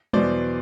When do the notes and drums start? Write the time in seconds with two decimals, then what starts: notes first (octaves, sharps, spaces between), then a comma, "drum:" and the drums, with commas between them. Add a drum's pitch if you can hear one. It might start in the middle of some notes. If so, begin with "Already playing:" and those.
0.13 E2 B2 F#3 C5 D5, drum: tom G3